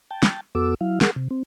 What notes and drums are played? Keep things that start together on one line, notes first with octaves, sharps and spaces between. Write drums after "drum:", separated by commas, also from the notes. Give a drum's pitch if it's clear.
G5 A5
drum: snare
F2 B3 F#4 A4 D6 E6
F#3 E4 F5
G#4 A#4 F#5 C6, drum: snare
C3
C4